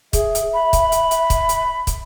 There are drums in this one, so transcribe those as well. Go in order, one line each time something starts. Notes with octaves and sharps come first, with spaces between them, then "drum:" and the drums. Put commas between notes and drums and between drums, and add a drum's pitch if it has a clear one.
G#4 E5, drum: kick, hi-hat
drum: hi-hat
B5
drum: kick, hi-hat
drum: hi-hat
drum: hi-hat
drum: kick, hi-hat
drum: hi-hat
drum: kick, hi-hat